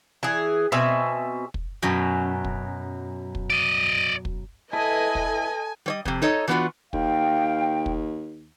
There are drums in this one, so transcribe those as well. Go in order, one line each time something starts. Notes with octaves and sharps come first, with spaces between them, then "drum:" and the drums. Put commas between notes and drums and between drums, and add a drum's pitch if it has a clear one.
E3 G#4
B2 C4 E5 G#5
drum: kick
F#2 B2 F#3
drum: kick
drum: kick
D5 D#5
drum: kick
E4 A4 B4 D#5 G#5 A5
drum: kick
G3 C#5 D#5
F2 C3, drum: kick
D#4 A4 C#5 D#5
E3 F#3 B3 D4 F4 F#4
D#2 F5 G5, drum: kick
drum: kick